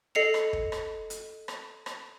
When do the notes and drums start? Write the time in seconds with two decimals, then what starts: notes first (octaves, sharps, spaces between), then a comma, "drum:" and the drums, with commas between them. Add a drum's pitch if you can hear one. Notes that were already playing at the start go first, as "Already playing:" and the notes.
0.15 A4 D#5 C7 C#7 F7
0.34 drum: rim click
0.53 drum: kick
0.72 drum: rim click
1.10 drum: hi-hat
1.48 drum: rim click
1.86 drum: rim click